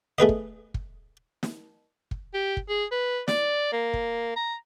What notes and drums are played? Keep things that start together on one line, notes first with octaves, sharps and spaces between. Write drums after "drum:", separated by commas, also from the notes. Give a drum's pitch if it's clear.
A3 G#4 B4 D#5
drum: kick
drum: kick
drum: snare
drum: kick
G4
drum: kick
G#4
B4
D5, drum: snare
A#3
drum: kick
A#5